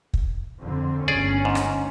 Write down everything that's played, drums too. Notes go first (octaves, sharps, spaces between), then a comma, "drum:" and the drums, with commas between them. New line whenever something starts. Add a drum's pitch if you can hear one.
drum: kick
F2 D3 C4
G1 D2 C#4 G#4 D5
G#2
drum: rim click